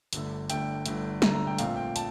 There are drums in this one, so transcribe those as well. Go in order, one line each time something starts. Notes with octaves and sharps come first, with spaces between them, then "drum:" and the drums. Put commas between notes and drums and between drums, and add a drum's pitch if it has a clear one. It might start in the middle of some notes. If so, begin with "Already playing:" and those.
G1 G2 D3 A3, drum: hi-hat
G1 G2 D3 A3 G5, drum: hi-hat
G1 G2 D3 A3, drum: hi-hat
G1 G2 D3 A3 A#5, drum: snare
A#5
G5
A#1 A#2 A3 C4 F5, drum: hi-hat
G5
A5, drum: hi-hat